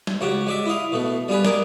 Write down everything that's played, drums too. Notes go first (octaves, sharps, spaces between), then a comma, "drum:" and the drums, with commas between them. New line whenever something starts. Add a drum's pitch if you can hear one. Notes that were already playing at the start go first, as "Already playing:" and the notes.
drum: snare
C#2 F#4 G4
G#3 D5 E5
E4 D#5 F5
B2 A3
G3 F4 G#4 B4
A#4 D5 D#5, drum: snare